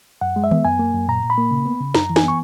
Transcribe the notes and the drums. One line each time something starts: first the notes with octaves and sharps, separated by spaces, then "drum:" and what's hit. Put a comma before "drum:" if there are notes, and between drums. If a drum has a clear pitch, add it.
F#2 F#5
G#3
E5
B3, drum: tom D#3
F#2 G#5
A#3
F#2
A#2 A#5
A#2
B5
A#3
C#3
B3
C#3
F#2 A#5, drum: snare
E3
G#5, drum: snare
B3 C#6